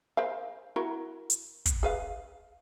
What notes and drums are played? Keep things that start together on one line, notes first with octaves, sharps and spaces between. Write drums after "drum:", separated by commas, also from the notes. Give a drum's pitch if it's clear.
A#4 C5 F5
E4 F#4 A#4
drum: hi-hat
drum: kick, hi-hat
G#4 B4 F5